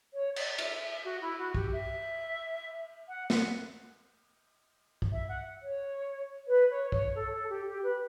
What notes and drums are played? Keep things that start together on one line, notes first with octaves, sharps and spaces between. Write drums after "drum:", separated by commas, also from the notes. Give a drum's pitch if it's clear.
C#5
D5, drum: cymbal
E5, drum: cymbal
E5
F#4
E4
F#4
G4, drum: kick
E5
F#5
F#5, drum: snare
drum: kick
E5
F#5
C#5
B4
C#5
C#5, drum: kick
A4
A4
G4
G4
B4